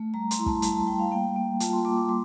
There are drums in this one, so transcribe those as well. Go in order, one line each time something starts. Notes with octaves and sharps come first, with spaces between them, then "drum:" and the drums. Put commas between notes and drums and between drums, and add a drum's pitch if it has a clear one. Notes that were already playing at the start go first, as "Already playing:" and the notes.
Already playing: A3
G3 A#5
C6, drum: hi-hat
E4
A5, drum: kick
G3 A5, drum: hi-hat
A5
G3 G5
F5
A#3 G5
A#3
F4 A5, drum: hi-hat
C6
A#3 D6
D6
G3 C6